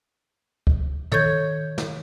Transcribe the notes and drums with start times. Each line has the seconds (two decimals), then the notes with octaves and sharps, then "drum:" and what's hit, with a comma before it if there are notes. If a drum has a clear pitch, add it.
0.67 drum: kick C#2
1.12 D#3 A4 C#5 C#6 G6 G#6, drum: tom
1.78 drum: snare